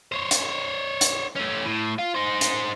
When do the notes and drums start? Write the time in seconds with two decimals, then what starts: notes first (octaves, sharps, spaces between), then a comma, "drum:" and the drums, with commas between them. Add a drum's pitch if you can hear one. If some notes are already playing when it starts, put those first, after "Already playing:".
0.12 C5 C#5
0.31 drum: hi-hat
1.01 drum: hi-hat
1.36 A3 C#4
1.66 A2
1.99 F4
2.15 D#4 C5
2.41 drum: hi-hat